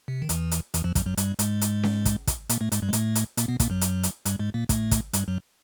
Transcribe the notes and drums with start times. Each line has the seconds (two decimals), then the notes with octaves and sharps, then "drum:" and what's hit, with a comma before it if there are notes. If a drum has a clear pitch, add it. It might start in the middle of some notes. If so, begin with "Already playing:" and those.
0.08 C3
0.22 D#3
0.29 E2 E3, drum: hi-hat
0.51 drum: hi-hat
0.74 E2 E3, drum: hi-hat
0.84 F2 F3
0.95 F#2 F#3, drum: kick, hi-hat
1.06 F#2 F#3
1.17 G2 G3, drum: hi-hat
1.39 G#2 G#3, drum: hi-hat
1.61 drum: hi-hat
1.83 drum: snare C#4
2.05 drum: kick, hi-hat
2.27 drum: kick, hi-hat
2.49 A#2 A#3, drum: hi-hat
2.61 A2 A3
2.72 G#2 G#3, drum: hi-hat
2.82 G2 G3
2.89 G#3
2.93 A2 A3, drum: hi-hat
3.15 drum: hi-hat
3.37 A#2 A#3, drum: hi-hat
3.48 B2 B3
3.60 A#2 A#3, drum: kick, hi-hat
3.70 F#2 F#3
3.81 drum: hi-hat
4.03 drum: hi-hat
4.25 G2 G3, drum: hi-hat
4.39 G#2 G#3
4.54 A#2 A#3
4.69 A2 A3, drum: kick, hi-hat
4.91 drum: kick, hi-hat
5.13 G2 G3, drum: hi-hat
5.28 F#2 F#3